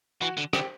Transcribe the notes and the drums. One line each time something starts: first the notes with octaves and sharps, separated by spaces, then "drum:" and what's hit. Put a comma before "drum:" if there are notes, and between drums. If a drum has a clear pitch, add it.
E3 F#4
D3
D3 G4, drum: rim click